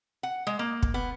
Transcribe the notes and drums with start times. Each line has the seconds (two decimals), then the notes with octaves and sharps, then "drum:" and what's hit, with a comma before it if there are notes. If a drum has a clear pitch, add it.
0.23 F#5
0.47 G#3
0.59 A#3
0.83 drum: kick
0.94 B3